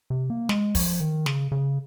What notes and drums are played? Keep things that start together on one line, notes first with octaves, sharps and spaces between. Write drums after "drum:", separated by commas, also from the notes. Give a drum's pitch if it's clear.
C3
A#3
G#3, drum: snare
F3, drum: kick, open hi-hat
D#3
C#3, drum: snare
C#3